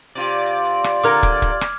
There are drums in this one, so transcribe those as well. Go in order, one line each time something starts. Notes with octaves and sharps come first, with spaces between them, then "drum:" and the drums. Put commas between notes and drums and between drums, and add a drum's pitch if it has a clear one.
C3 F4 D5
drum: hi-hat
drum: hi-hat
drum: rim click
D3 A#4 D6 F6 G#6, drum: hi-hat
drum: kick, hi-hat
drum: kick
drum: rim click